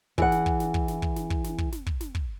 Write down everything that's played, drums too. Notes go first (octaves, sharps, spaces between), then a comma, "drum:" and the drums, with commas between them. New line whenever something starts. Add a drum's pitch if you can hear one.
E3 G#4 F#5, drum: kick
drum: snare
drum: kick
drum: snare
drum: kick
drum: snare
drum: kick
drum: snare
drum: kick
drum: snare
drum: kick
drum: snare
drum: kick
drum: snare
drum: kick